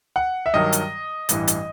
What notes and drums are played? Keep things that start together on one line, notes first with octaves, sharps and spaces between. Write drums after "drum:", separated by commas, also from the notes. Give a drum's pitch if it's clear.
F#5
E5
G2 D#3 F#3 D#5
drum: hi-hat
A1 G2 E3, drum: hi-hat
drum: hi-hat